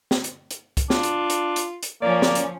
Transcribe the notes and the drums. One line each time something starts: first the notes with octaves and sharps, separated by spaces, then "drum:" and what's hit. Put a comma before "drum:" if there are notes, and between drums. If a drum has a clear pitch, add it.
drum: snare
drum: hi-hat
drum: hi-hat
drum: kick, hi-hat
D4 F4, drum: snare
drum: hi-hat
drum: hi-hat
drum: hi-hat
drum: hi-hat
F3 A#3 C#4 D5
drum: snare
drum: hi-hat